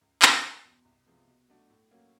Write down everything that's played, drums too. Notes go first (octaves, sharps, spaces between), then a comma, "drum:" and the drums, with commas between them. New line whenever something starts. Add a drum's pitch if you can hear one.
C#2
C3 F3 G#3, drum: clap
F#1
E2 B2
C2
C3 F3 G#3 B3
B2
F#3 A3 D4 F#4
A2
F#3 A#3 C#4 F#4